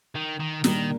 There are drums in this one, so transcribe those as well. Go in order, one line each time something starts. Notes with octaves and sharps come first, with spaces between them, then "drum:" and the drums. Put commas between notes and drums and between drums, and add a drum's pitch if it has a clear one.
D#3
D#3
A#2 D#3 G3 A#3 D4, drum: snare